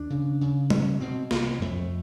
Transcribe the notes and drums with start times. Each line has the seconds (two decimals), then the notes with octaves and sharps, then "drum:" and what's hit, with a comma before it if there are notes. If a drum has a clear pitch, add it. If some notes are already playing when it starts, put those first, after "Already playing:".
Already playing: D#2 D4
0.10 C#3
0.41 C#3
0.70 B2 C#4, drum: tom G3
1.00 B2 C4
1.31 C2 A#3, drum: snare
1.62 F2 A3